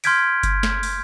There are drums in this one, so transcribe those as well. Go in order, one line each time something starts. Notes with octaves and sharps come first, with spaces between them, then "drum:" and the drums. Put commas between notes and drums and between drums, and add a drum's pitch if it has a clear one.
C6 F6 G6 G#6 B6 D7, drum: open hi-hat
drum: kick G1, hi-hat
drum: snare
drum: open hi-hat